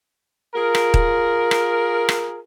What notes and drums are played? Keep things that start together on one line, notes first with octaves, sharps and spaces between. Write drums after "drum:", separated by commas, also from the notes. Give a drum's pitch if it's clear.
F4 G#4 A#4
drum: rim click
drum: kick D#1
drum: rim click
drum: rim click